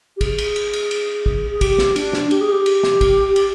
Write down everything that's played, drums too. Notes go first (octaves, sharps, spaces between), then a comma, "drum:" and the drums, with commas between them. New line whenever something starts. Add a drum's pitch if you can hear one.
G4
G#4, drum: kick, cymbal
drum: cymbal
drum: cymbal
drum: cymbal
drum: cymbal
drum: kick
G#4
G4, drum: kick, cymbal
drum: snare
D4, drum: cymbal
drum: snare
G4, drum: cymbal
G#4
G4
drum: cymbal
drum: snare
drum: kick, cymbal
drum: cymbal